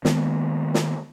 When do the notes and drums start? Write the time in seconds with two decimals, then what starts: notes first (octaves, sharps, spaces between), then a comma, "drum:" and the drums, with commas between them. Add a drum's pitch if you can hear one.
0.05 D#3 G#3 A#3 B3, drum: snare
0.74 drum: snare